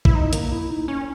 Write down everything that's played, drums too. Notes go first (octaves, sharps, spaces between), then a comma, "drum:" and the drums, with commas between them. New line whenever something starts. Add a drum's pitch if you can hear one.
E4, drum: kick
D#4
A#3, drum: hi-hat
E4
D#4
C#4